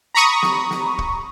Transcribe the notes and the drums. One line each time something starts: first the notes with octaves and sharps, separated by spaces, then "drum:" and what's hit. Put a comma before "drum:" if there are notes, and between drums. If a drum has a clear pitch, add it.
A#5 B5 C#6 D#6
drum: snare
drum: snare
drum: kick